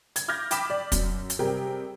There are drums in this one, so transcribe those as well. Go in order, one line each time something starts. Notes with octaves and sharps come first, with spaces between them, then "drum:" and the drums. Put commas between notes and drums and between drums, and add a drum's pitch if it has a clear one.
G#6, drum: hi-hat
D6 F6 G6 G#6 A#6
G5 B5 D6 D#6 B6 E7, drum: hi-hat
D5
F#2, drum: kick, hi-hat
drum: hi-hat
C3 G3 C4 G#4 A#4 G5